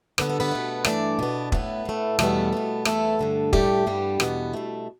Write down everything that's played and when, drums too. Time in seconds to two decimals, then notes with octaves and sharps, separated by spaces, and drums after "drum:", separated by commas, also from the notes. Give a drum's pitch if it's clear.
0.18 G2 D3 B3 B4, drum: rim click
0.29 A4
0.40 B3 B4
0.51 B2 A3
0.85 G2 E3 A3 D4 D5, drum: rim click
1.19 B2 B3
1.52 A2 A3 B3 B4, drum: kick
1.85 A2 A3
2.19 E2 B2 G3 A3 B3 A4, drum: rim click
2.53 B2 B3
2.85 E2 E3 A3 B3 A4, drum: rim click
3.19 G2 D3 A3
3.53 A2 G3 A3 G4, drum: kick
3.87 G2 G3 B3
4.20 E2 B2 B3, drum: rim click
4.53 B2 A3